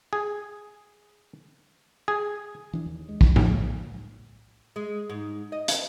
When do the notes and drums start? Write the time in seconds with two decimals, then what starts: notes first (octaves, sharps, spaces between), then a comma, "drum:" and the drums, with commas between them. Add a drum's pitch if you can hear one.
0.13 G#4
2.08 G#4
2.73 E3 D4
2.86 D#2
3.09 G#3
3.21 A#1 F2 G#2, drum: kick
3.36 G#3, drum: tom A2
4.76 G#3
5.09 G#2
5.52 D#5
5.68 drum: hi-hat